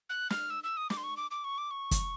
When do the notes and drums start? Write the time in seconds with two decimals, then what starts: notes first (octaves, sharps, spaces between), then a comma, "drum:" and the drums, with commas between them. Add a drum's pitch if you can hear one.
0.09 F#6
0.30 F6, drum: snare
0.50 E6
0.64 E6
0.77 D#6
0.90 D6, drum: snare
0.97 C6
1.03 C#6
1.17 D6
1.31 D6
1.44 C#6
1.58 D6
1.71 C#6
1.91 drum: kick, hi-hat